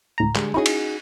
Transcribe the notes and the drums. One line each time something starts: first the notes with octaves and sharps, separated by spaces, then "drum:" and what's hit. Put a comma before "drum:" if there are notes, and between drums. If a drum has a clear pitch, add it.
D2 A2 A#5
D3 G3 G#3, drum: clap
C#4 D#4 E4 F#4 G#4
drum: cymbal